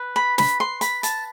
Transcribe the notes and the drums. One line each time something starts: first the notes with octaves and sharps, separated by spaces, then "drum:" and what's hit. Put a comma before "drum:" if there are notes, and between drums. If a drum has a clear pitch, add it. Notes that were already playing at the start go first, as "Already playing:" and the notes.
Already playing: B4
B5
B5, drum: snare
C6
B5, drum: hi-hat
A5, drum: hi-hat